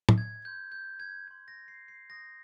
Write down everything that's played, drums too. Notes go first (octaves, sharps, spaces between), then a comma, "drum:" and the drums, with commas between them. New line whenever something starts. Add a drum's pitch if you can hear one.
drum: tom A2
G#6
C6 G6
G6
G#6
C6 G6 G#6
A#6
C7
C7
C6 D#6 G6 A#6